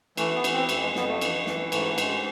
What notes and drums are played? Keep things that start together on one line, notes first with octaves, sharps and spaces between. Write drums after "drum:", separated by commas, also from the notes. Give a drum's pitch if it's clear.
E3 A3, drum: cymbal
B3
E3, drum: cymbal
C4
F2 A3, drum: cymbal
G#3
F2 B3, drum: snare
A3
E3, drum: cymbal
E3, drum: snare
G#2 A3, drum: cymbal
A3
G#2 G#3, drum: cymbal